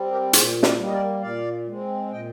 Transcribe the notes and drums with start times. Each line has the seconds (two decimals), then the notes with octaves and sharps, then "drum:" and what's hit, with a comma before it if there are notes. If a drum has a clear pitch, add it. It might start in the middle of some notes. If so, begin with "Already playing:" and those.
Already playing: G3 C4
0.11 G4 A#4
0.33 A#2 G#4 C5, drum: hi-hat
0.63 A#4 D5, drum: snare
0.78 G3 A#3
0.86 D#5
0.93 A#4 D5
1.22 A#2 D5 F5
1.67 G#3 C4
2.11 A#2 D#5 G5